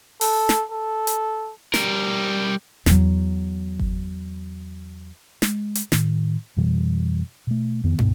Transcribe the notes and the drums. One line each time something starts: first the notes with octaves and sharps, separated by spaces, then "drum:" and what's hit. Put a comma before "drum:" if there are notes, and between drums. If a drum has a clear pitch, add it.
A4, drum: open hi-hat
drum: snare
A4
drum: hi-hat
G3 A#4, drum: snare
E2 F#3, drum: snare
drum: kick G1
G#3, drum: snare
drum: hi-hat
A2 D#3, drum: snare
F2 B2 E3 G3
B2 A3
F2 D#3 B3
C#2 G2 B2 B3, drum: tom